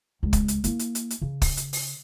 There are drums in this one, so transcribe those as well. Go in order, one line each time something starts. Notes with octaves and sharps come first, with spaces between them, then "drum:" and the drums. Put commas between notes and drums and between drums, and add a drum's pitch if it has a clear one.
C#2
drum: kick, hi-hat
drum: hi-hat
A#3 E4, drum: hi-hat
drum: hi-hat
drum: hi-hat
drum: hi-hat
C#3
drum: kick, open hi-hat
drum: hi-hat
drum: open hi-hat